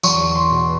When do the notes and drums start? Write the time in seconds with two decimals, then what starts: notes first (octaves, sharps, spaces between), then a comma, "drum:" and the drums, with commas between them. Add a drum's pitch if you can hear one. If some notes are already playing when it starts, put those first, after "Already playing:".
0.03 E2 C#6, drum: tambourine
0.35 C6
0.51 B2